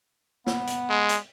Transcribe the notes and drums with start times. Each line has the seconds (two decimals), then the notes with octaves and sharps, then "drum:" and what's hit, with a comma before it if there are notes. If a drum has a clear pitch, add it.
0.47 B3, drum: snare
0.67 drum: hi-hat
0.89 G#3
1.09 drum: hi-hat